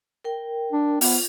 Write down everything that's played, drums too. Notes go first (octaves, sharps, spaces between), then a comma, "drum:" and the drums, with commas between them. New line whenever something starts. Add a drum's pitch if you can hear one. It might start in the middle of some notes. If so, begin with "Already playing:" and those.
A#4 G5
D4
B3 F4 C5, drum: open hi-hat